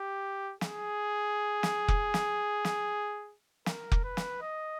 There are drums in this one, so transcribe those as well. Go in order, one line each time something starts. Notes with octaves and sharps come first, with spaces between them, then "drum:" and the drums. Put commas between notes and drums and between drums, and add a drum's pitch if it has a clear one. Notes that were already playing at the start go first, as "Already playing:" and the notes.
Already playing: G4
G#4, drum: snare
drum: snare
drum: kick F1
drum: snare
drum: snare
A#4, drum: snare
drum: kick F1
B4
drum: snare
D#5